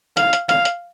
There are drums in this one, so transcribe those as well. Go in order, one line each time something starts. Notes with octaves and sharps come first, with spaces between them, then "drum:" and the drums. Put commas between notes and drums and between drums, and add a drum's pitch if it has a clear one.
F5, drum: hi-hat
drum: hi-hat
F5, drum: hi-hat
drum: hi-hat